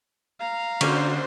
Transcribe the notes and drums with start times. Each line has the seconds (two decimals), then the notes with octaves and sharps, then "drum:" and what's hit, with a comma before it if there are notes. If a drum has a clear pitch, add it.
0.40 F5 A#5
0.81 D3 A#3 C#4 F#4 C5, drum: cymbal